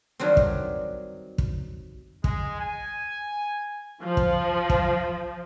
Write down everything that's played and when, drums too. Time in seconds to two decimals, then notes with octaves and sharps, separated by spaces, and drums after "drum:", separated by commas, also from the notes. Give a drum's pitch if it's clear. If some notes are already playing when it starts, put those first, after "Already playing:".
0.20 D#3 F#3 G3 C4
0.37 drum: kick
1.38 drum: kick
2.24 G#3, drum: kick
2.59 G#5
4.03 F3
4.17 drum: kick
4.70 drum: kick